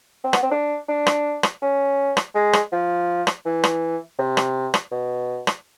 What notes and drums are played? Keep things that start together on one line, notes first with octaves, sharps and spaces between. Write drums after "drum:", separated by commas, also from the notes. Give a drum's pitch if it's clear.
C4
B3, drum: rim click
C4
D4
D4
drum: rim click
drum: rim click
C#4
drum: rim click
G#3
drum: rim click
F3
drum: rim click
E3
drum: rim click
C3
drum: rim click
drum: rim click
B2
drum: rim click